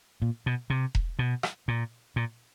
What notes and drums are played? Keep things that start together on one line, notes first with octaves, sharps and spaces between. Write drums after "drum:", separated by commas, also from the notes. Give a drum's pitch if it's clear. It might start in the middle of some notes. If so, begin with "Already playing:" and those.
A#2
B2
C3
drum: kick E1
B2
drum: rim click
A#2
A#2